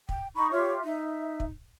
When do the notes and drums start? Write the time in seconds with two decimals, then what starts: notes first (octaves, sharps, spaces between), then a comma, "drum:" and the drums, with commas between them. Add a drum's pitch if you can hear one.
0.09 G5, drum: kick
0.35 D#4 B5 C#6
0.51 F4 G4 C#5 E5
0.84 D#4 E5
1.40 drum: kick